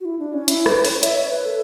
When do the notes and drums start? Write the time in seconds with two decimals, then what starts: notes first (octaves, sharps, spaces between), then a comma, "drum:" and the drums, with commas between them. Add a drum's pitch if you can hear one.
0.01 F#4
0.05 E4
0.19 D4
0.33 C#4
0.48 E4, drum: hi-hat
0.66 B4, drum: rim click
0.85 C#5, drum: open hi-hat
1.03 E5, drum: hi-hat
1.16 C#5
1.30 B4
1.45 A4